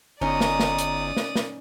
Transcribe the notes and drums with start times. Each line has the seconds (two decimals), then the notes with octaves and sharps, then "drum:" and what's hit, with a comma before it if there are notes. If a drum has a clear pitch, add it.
0.21 G1 C#4 D#4 D5 A#5 D#6
0.40 drum: snare
0.59 drum: snare
0.78 drum: hi-hat
1.17 drum: snare
1.36 drum: snare